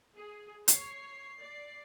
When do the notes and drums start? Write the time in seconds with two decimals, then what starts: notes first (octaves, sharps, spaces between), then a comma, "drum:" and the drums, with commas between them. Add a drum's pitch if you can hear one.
0.16 G#4
0.68 C#5 C7, drum: hi-hat
1.40 D5